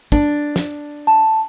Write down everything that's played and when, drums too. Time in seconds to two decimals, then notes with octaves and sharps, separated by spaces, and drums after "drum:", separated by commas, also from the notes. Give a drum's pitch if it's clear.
0.12 D4, drum: kick
0.56 drum: snare
1.07 A5